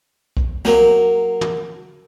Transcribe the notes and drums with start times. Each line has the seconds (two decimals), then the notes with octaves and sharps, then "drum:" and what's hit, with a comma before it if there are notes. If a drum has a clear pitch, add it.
0.37 drum: kick B1
0.65 F#3 A#3, drum: snare
1.41 drum: tom